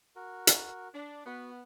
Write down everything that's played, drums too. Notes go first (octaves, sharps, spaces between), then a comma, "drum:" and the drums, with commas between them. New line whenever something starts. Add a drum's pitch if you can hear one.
F#4 A#4
drum: hi-hat
D4
B3 F#4